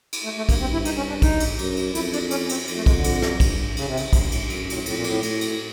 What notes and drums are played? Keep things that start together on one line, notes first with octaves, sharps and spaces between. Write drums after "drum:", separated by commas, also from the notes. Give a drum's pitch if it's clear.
drum: cymbal
A3
A3
G2 A#3, drum: kick, cymbal
C4
E4
D#4, drum: cymbal
C#4
D4
D#4, drum: kick, cymbal
drum: cymbal
F#2, drum: cymbal
drum: cymbal
F2 E4, drum: cymbal
D4, drum: cymbal
C#4, drum: cymbal
C4, drum: cymbal
F2, drum: cymbal
A3
G#3, drum: kick, cymbal
D3
F2, drum: cymbal
drum: snare
G2, drum: kick, cymbal
C#3, drum: cymbal
C3
C#3, drum: cymbal
G2 C3, drum: kick, cymbal
A#2
A2, drum: cymbal
G#2
F#2 A2, drum: cymbal
G#2
A#2, drum: cymbal
A2
F2 A2, drum: cymbal
A#2
A2, drum: cymbal
A2, drum: cymbal
drum: cymbal